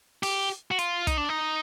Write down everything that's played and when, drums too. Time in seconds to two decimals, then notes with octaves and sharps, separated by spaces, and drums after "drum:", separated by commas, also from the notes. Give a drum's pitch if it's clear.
0.23 G4, drum: open hi-hat
0.71 F#4
0.79 F4, drum: hi-hat
1.07 D#4, drum: kick, hi-hat
1.18 D4
1.29 D#4